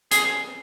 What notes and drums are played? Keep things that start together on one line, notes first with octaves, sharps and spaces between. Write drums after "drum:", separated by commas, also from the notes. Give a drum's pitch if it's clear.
G#4, drum: hi-hat